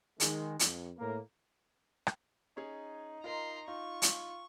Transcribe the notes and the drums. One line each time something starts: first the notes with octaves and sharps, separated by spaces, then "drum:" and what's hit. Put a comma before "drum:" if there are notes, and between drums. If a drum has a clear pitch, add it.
D#3 G#3, drum: hi-hat
F2, drum: hi-hat
A2 A#3 A#4
drum: rim click
C#4 D#4 G#4
F4 A#4 D#5 A#5 C6
D#4 F4 C#6
drum: hi-hat